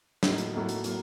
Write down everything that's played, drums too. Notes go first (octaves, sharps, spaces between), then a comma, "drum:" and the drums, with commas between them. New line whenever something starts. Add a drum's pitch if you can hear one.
A2 F#3 A#3 D#4 A4, drum: snare
drum: hi-hat
A2 F#3 A#3 D#4 A4
drum: hi-hat
A2 F#3 A#3, drum: hi-hat